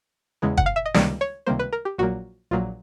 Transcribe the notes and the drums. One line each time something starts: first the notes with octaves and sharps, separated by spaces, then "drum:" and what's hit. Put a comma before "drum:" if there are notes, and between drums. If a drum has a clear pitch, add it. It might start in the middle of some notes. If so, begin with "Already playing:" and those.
E2 C#3 E3 G#3
F#5, drum: kick
F5
E5
D#5
C#2 C3 D#3 G3 A#3 D5, drum: snare
C#5
C#2 C3 D#3 G3 A#3 C5
B4
A#4
G4
A#1 A#2 F#3 A#3 F#4
A#1 A#2 F#3 A#3 F4